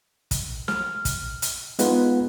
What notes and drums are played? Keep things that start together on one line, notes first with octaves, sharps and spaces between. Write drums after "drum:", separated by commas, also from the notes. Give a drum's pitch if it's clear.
drum: kick, hi-hat
F6, drum: snare
drum: kick, hi-hat
drum: hi-hat
G#3 B3 D#4 F4 B4, drum: hi-hat